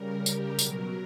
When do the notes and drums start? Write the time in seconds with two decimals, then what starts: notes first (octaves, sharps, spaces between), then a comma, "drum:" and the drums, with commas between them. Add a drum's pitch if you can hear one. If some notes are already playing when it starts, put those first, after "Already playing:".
Already playing: C#3 G3 A#4
0.26 G4, drum: tambourine
0.59 B2 F#3 A#4, drum: tambourine